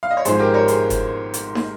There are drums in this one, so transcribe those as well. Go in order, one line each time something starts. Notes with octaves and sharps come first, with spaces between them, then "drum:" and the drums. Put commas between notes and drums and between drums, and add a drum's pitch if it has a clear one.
F5
D#5
C#5
G#1 G#2 F3 G#4 C5, drum: hi-hat
G4 A#4
A#4 C#5
G#4 C5, drum: hi-hat
drum: kick F#1, hi-hat
drum: hi-hat
drum: snare